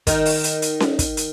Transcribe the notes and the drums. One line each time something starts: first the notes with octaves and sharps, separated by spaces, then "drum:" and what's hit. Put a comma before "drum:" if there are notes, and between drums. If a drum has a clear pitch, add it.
D#3, drum: kick, hi-hat
drum: open hi-hat
drum: hi-hat
drum: hi-hat
drum: snare C#4
drum: kick, hi-hat
drum: hi-hat